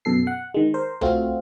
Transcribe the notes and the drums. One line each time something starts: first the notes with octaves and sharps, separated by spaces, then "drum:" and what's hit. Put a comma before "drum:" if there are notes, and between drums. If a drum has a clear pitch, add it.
F#2 B2 A4 C7
F#5
D#3 G#3
A#4 C5
A3 C4 F4 F#4, drum: tom C2